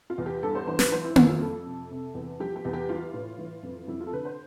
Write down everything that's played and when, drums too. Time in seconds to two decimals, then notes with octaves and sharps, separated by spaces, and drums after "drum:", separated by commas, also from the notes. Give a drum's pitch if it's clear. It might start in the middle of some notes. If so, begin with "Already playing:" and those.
0.10 F4
0.18 E2
0.26 G4
0.42 G2 A4
0.55 C5
0.67 E3 C5
0.79 B4, drum: snare
0.91 E3 C5
1.04 E4
1.16 F2 E4, drum: tom A#3
1.29 F4
1.41 F2 A4
1.66 C3
1.91 C3
2.15 E2
2.40 F3 G4
2.56 G4
2.65 E2
2.73 G4
2.89 E3 F4
3.13 A2
3.38 E3
3.63 F2
3.88 F2 E4
4.00 F4
4.07 A4
4.13 D3 B4
4.25 C5